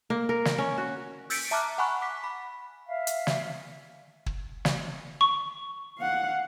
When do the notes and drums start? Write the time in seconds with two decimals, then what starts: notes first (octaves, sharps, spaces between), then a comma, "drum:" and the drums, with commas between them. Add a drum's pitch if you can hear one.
0.10 A#3
0.29 A#4
0.45 drum: snare
0.58 C#4
0.77 F#4
1.30 E6 G6 A6 B6 C#7 D7, drum: open hi-hat
1.51 E5 A5 A#5 D6 F6 F#6
1.78 F#5 G#5 B5 C#6 F#6
2.02 D6 B6
2.24 B5
2.87 E5 F5
3.07 drum: hi-hat
3.27 drum: snare
4.26 drum: kick
4.65 drum: snare
5.21 C#6
5.98 F5 F#5